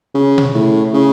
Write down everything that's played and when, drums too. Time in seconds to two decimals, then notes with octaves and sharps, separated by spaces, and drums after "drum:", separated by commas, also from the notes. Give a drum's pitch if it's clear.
0.15 C#3
0.38 drum: tom B2
0.55 A2
0.94 C#3